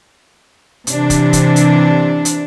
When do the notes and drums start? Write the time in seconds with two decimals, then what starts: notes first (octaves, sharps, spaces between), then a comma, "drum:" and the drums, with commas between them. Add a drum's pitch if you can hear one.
0.87 C3 E3 D4, drum: hi-hat
1.10 drum: kick, hi-hat
1.33 drum: kick, hi-hat
1.56 drum: hi-hat
2.25 drum: hi-hat